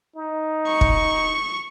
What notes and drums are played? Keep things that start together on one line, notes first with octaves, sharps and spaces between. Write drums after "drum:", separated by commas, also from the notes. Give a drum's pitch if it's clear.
D#4
C#6
drum: kick